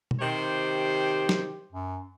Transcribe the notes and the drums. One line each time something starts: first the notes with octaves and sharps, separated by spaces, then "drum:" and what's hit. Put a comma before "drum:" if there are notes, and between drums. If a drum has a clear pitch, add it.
drum: tom B2
C3 D#3 G4 C5
drum: snare
F#2